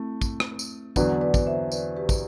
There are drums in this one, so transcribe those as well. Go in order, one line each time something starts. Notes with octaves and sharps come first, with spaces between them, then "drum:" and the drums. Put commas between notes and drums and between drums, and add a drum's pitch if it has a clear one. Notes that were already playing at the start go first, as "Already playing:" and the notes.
Already playing: A3 C4 E4
drum: kick, tambourine
drum: rim click
drum: tambourine
E2 D3 F#3 B3 D4 B4 D5, drum: kick, tambourine
B4 D5
drum: kick, tambourine
C5 E5
B4 D5, drum: tambourine
G4 B4
drum: kick, tambourine